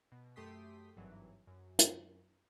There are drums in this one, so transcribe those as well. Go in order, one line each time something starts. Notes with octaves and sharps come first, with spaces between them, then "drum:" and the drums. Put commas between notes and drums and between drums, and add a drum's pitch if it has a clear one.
B2
F#2 A3 G4 C6 D#6 B6
G#1 G2 E3 F#3
F#2
drum: hi-hat